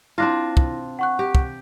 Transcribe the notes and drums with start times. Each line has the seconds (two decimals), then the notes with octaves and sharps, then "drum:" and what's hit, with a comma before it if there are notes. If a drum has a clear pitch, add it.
0.18 C4 D4 E4 F4 A#6
0.57 drum: kick
0.99 F#5 C#6 F#6
1.19 G4
1.35 drum: kick